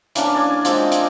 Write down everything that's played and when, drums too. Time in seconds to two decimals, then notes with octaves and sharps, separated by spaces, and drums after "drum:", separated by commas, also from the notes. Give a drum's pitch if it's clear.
0.15 E3 A#3 C#4 D4, drum: hi-hat
0.35 D5 G#5
0.65 F3 G#3 C4, drum: hi-hat
0.92 drum: hi-hat